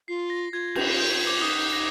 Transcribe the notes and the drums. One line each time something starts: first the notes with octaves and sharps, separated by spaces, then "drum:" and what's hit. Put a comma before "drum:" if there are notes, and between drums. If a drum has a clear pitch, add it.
F4 C7
A#6
F4 G#6
G6, drum: cymbal
G6
D6
D#4 D#6
G6
A#6